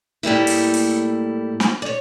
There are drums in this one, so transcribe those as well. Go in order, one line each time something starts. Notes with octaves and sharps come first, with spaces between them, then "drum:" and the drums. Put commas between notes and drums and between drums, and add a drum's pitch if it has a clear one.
A2 G3 A#3 E4
drum: open hi-hat
drum: open hi-hat
drum: snare
C#5 D5